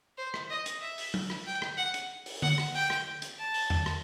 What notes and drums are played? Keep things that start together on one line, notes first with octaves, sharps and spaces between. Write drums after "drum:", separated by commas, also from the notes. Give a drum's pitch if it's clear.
C5
drum: rim click
D#5
drum: hi-hat
E5
drum: open hi-hat
drum: tom F#3
drum: rim click
G5
drum: rim click
F#5
drum: hi-hat
drum: open hi-hat
F#5, drum: tom D3
drum: rim click
G5
drum: rim click
drum: hi-hat
A5
drum: open hi-hat
drum: tom E2
drum: rim click